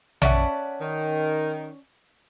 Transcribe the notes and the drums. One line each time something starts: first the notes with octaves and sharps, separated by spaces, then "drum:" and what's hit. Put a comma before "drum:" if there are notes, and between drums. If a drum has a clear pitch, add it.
C#4 D5 E5 F#5 A5, drum: tom A#1
D#3